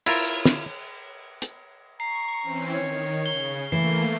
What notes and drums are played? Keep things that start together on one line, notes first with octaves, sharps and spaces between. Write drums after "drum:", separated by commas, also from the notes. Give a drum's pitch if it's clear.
E4 F4 A#4, drum: cymbal
drum: snare
drum: hi-hat
A#5 C#6 C7
E3 C4 C#4
D#3 C#5
C#3 G7
E3 A3 A#3 C7